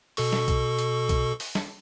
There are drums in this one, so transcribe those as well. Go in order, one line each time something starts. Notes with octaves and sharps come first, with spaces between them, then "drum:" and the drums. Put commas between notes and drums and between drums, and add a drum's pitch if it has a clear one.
B2 A4 C#6, drum: open hi-hat
drum: snare
drum: kick, hi-hat
drum: hi-hat
drum: kick, hi-hat
drum: open hi-hat
drum: snare